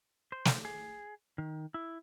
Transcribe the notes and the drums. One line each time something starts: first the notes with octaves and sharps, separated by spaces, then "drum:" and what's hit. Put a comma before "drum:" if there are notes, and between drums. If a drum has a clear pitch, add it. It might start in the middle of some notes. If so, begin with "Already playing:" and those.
C5
drum: snare
G#4
D#3
E4